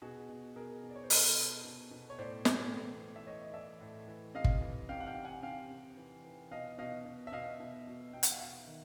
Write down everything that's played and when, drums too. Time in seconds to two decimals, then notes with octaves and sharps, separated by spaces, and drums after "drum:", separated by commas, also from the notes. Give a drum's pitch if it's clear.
0.02 B2 F#4 G#4
0.29 B2
0.56 B2 G#4 A#4
0.83 B2
0.90 D5
0.96 C#5
1.04 C5
1.10 B2 A4 B4, drum: open hi-hat
1.38 B2
1.64 B2
1.91 B2
2.10 C#5
2.18 A2 C5 D5
2.45 A2, drum: snare
2.73 E3
2.99 E3
3.16 E5
3.27 E3 C#5 D#5
3.42 D#5
3.54 E3 D5 E5
3.81 A2
4.08 E3
4.34 C3 D#5 F5
4.44 drum: kick
4.61 E3
4.89 C3 F5 G5
5.00 F#5
5.06 F5 G5
5.16 C3
5.25 F#5 G#5
5.43 C3 F5 G5
5.70 C3
5.97 E3
6.25 E3
6.51 B2 D#5 F5
6.78 B2 D#5 F5
7.05 B2
7.27 E5
7.32 B2 D#5 F5
7.60 B2
7.87 B2
8.13 B2 G5
8.23 F#5, drum: hi-hat
8.31 F5
8.39 B2 E5 F#5
8.67 D#3